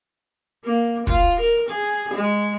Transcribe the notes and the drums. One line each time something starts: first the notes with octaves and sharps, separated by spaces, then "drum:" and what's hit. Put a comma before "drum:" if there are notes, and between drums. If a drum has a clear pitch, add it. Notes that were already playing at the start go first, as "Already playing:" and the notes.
A#3
F4, drum: kick
A#4
G#4
G#3